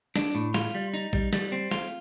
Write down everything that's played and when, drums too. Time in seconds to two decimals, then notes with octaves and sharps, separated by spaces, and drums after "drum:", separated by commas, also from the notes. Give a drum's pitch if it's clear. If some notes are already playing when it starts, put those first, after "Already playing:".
0.16 D4, drum: snare
0.35 A2
0.54 F4, drum: snare
0.75 G3
0.94 D#4, drum: tambourine
1.13 G3, drum: kick
1.33 G3, drum: snare
1.52 C4
1.71 F4, drum: snare